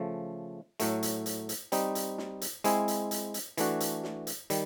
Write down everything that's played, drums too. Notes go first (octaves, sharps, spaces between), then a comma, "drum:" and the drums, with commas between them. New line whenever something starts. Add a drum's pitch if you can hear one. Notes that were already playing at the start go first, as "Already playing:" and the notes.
Already playing: C#3 F3 A3
A2 F#3 A3, drum: hi-hat
drum: hi-hat
drum: hi-hat
drum: hi-hat
G3 C4 D#4, drum: hi-hat
drum: hi-hat
drum: snare
drum: hi-hat
G#3 C4 E4 G#4, drum: hi-hat
drum: hi-hat
drum: hi-hat
drum: hi-hat
E3 A3 D4 F#4, drum: hi-hat
drum: hi-hat
drum: snare
drum: hi-hat
D#3 G3, drum: hi-hat